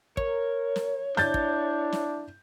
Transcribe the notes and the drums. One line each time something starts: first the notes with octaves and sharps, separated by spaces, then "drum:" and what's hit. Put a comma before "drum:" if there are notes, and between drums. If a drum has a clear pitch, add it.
A#4 C#5, drum: kick
drum: snare
D4 E4 G6 A6, drum: snare
drum: kick
drum: snare